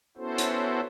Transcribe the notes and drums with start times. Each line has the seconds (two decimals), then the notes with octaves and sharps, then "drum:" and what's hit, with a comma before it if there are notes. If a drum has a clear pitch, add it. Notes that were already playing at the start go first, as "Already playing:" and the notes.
0.17 B3 C#4 E4 F#4 A4 C5
0.38 drum: hi-hat